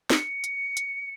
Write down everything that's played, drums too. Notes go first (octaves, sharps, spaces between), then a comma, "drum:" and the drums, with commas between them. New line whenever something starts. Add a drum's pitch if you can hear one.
C#7, drum: snare
drum: hi-hat
drum: hi-hat